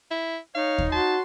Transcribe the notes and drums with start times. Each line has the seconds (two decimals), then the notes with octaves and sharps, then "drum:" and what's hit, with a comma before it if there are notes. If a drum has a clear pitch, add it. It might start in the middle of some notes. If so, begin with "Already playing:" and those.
0.11 E4
0.55 D#4 C#5 F5
0.78 drum: kick D#2
0.92 F#4 A5 C6